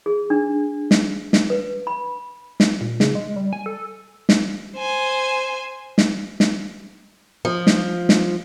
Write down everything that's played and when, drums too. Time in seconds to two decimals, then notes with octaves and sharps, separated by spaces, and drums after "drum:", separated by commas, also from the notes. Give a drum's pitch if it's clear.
0.06 G#4
0.30 D4
0.91 drum: snare
1.33 drum: snare
1.50 B4
1.87 B5
2.60 drum: snare
2.81 A#2
3.00 C#3, drum: snare
3.15 G#3
3.36 G3
3.53 G#5
3.66 A4
4.29 drum: snare
4.76 C5 G#5
5.98 drum: snare
6.40 drum: snare
7.45 F3
7.67 drum: snare
8.09 drum: snare